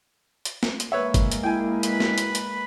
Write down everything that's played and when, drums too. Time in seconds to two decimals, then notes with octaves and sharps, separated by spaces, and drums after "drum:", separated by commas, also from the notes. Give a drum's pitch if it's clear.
0.45 drum: hi-hat
0.63 drum: snare
0.80 drum: hi-hat
0.92 G#3 A#3 B4 C#5 E5
1.14 drum: kick, hi-hat
1.32 drum: hi-hat
1.43 E4 G5 G#5
1.83 B4 B5, drum: hi-hat
2.00 drum: snare
2.18 drum: hi-hat
2.35 drum: hi-hat